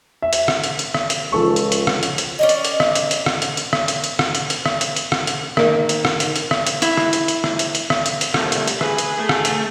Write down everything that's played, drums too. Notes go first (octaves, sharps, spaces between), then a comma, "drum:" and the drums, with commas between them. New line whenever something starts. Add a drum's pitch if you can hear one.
E5
drum: hi-hat
drum: rim click
drum: hi-hat
drum: hi-hat
drum: rim click
drum: hi-hat
C#2 F3 A4 C#6
drum: hi-hat
drum: hi-hat
drum: rim click
drum: hi-hat
drum: hi-hat
C#4 D5 D#5
drum: hi-hat
drum: hi-hat
drum: rim click
drum: hi-hat
drum: hi-hat
drum: rim click
drum: hi-hat
drum: hi-hat
drum: rim click
drum: hi-hat
drum: hi-hat
drum: rim click
drum: hi-hat
drum: hi-hat
drum: rim click
drum: hi-hat
drum: hi-hat
drum: rim click
drum: hi-hat
D#3 A#3, drum: rim click
drum: hi-hat
drum: rim click
drum: hi-hat
drum: hi-hat
drum: rim click
drum: hi-hat
E4, drum: hi-hat
drum: rim click
drum: hi-hat
drum: hi-hat
drum: rim click
drum: hi-hat
drum: hi-hat
drum: rim click
drum: hi-hat
drum: hi-hat
C2 A#2 A3, drum: rim click
drum: hi-hat
drum: hi-hat
G#4 B4, drum: rim click
drum: hi-hat
A3
drum: rim click
drum: hi-hat